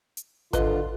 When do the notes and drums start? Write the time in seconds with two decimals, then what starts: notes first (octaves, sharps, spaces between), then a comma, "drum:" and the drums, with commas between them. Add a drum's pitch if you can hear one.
0.17 drum: hi-hat
0.53 D3 F4 B4 D#5, drum: kick G#1, hi-hat